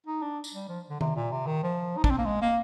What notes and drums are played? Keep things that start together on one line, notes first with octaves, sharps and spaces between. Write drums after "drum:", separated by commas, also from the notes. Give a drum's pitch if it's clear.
D#4
D4
drum: tambourine
G3
F3
D3
C3, drum: tom D#3
A#2
C3
D#3
F3
D#4
D4, drum: kick
C4
A#3
G#3
A#3